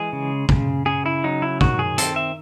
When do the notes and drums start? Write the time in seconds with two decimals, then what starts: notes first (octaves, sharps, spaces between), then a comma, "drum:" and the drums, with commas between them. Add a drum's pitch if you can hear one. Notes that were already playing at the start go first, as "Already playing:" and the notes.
Already playing: E3 G#3 G#4
0.13 C#3
0.49 C#3, drum: kick
0.86 C#3 G#4
1.06 E4
1.24 F#3 D#4
1.42 E4
1.61 D#3 F#4, drum: kick
1.79 G#4
1.98 C4 A4, drum: hi-hat
2.16 E5